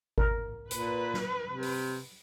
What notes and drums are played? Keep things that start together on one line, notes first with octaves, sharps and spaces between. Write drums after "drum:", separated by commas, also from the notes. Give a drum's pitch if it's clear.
A#4, drum: kick G#1
A#2 B4, drum: hi-hat
drum: snare
C3
drum: open hi-hat